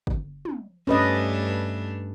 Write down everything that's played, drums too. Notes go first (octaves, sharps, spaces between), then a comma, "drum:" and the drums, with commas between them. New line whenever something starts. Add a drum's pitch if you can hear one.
drum: kick
drum: tom
G2 A3 C#4 D4 B4 D#5